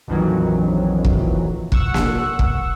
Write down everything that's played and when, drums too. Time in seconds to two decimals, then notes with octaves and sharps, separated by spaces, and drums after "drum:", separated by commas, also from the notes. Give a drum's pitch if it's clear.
0.08 A#1 F2 D#3 E3 F#3
1.05 drum: kick
1.72 F#5 C#6 E6, drum: kick
1.94 drum: snare A#3
2.39 drum: kick